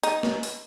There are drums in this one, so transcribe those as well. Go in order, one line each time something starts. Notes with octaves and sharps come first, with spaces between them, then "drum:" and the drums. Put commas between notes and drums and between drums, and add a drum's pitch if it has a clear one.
D#4, drum: hi-hat
drum: snare
drum: open hi-hat